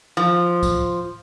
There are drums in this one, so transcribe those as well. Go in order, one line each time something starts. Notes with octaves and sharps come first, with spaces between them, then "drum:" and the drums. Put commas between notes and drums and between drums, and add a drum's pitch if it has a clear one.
F3
drum: kick C#2, tambourine